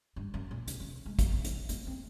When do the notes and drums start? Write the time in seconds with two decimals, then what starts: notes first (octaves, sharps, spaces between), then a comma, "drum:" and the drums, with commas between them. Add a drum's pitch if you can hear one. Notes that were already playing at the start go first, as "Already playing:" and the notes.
0.16 G2
0.34 F#2
0.51 A#2
0.68 C3, drum: hi-hat
0.80 C#3
1.06 G#3
1.19 A3, drum: kick G#1, hi-hat
1.31 B3
1.45 B3, drum: hi-hat
1.69 A#3, drum: hi-hat
1.87 C4